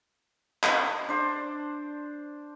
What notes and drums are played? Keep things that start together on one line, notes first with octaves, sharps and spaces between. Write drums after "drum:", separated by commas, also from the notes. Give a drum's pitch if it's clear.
drum: clap
D4 C5